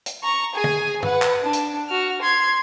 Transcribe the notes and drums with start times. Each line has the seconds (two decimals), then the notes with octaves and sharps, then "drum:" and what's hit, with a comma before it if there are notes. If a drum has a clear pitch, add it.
0.06 drum: hi-hat
0.23 A#5 C#6
0.55 G#4 G#5
0.64 drum: tom
1.03 B4 F#5, drum: tom
1.22 drum: clap
1.43 D4
1.53 drum: hi-hat
1.89 F#4 F6
2.22 C6 G#6